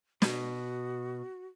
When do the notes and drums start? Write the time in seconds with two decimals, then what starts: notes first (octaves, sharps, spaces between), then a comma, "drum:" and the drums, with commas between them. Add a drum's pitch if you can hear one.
0.22 B2 F#4, drum: snare